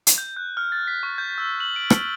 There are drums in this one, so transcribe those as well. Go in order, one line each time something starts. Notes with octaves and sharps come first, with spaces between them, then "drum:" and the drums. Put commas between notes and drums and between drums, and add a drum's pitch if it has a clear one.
drum: hi-hat
G6
F#6
F6
A6
B6
C#6
G6
E6
F#7
D7
G7, drum: rim click